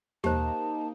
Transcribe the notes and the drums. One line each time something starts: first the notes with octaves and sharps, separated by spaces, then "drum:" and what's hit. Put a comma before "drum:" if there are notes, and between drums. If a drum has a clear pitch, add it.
A#3 D#4 G4 C5 A5, drum: tom D#2